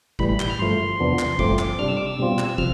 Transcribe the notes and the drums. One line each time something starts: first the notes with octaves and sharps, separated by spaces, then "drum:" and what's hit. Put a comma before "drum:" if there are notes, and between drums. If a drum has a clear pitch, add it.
A2 E3 G3 B5, drum: kick
B5
G6, drum: clap
F6
G2 F3 A3 C6
E2 C3 F3 B3 D4
drum: clap
G2 F3 A3 C4 D6, drum: kick
D6, drum: clap
C3 G3 D4 F6
E6
D6
E6
B2 G3 C4 F4
drum: clap
E6
C3 F3 F6, drum: kick